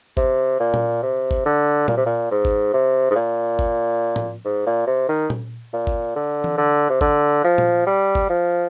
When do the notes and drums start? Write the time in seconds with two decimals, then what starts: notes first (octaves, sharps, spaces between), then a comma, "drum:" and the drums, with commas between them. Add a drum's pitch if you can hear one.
0.17 C3, drum: kick G1
0.60 A#2
0.74 drum: tom A#2
1.03 C3
1.31 drum: kick G1
1.45 D3
1.88 A#2, drum: tom A#2
1.97 C3
2.06 A#2
2.31 G#2
2.45 drum: kick G1
2.74 C3
3.11 G#2
3.16 A#2
3.59 drum: kick G1
4.16 drum: tom
4.45 G#2
4.66 A#2
4.87 C3
5.09 D#3
5.30 drum: tom A#2
5.73 A#2
5.87 drum: kick G1
6.16 D3
6.44 drum: tom E3
6.58 D3
6.90 C3
7.01 D3, drum: kick G1
7.44 F3
7.58 drum: tom A#2
7.86 G3
8.15 drum: kick G1
8.29 F3